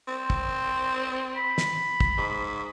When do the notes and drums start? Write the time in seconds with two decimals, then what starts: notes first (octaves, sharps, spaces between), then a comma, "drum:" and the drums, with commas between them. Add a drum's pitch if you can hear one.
0.08 C4
0.30 drum: kick
1.36 B5
1.58 drum: snare
2.00 drum: kick
2.18 G#2